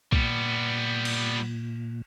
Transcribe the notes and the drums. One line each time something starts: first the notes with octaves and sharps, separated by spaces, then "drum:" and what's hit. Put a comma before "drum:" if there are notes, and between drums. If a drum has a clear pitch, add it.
A#2 G3 B3, drum: kick
drum: cymbal